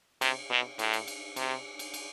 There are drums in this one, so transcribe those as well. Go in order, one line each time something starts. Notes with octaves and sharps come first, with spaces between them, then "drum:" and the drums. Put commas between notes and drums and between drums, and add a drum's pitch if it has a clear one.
C3, drum: cymbal
B2
A2, drum: cymbal
drum: cymbal
drum: cymbal
C3, drum: cymbal
drum: cymbal
drum: cymbal